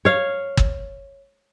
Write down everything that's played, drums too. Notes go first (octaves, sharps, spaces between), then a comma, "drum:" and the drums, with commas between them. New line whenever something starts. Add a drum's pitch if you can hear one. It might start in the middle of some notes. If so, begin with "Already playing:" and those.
C#5 F5
drum: kick G1